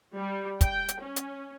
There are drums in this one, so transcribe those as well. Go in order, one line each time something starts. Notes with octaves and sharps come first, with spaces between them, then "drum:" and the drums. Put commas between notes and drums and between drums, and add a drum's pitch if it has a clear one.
G3
G5, drum: kick, hi-hat
drum: hi-hat
C#4
drum: hi-hat